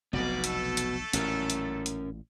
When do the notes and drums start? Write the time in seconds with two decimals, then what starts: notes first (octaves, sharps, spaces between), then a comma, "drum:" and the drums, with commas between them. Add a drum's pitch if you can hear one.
0.13 F1 B1 A#3 B3 F#4 B4 D5
0.44 A3 A4, drum: hi-hat
0.77 drum: hi-hat
1.13 A1 A#2 C#4 A#4, drum: hi-hat
1.50 drum: hi-hat
1.86 drum: hi-hat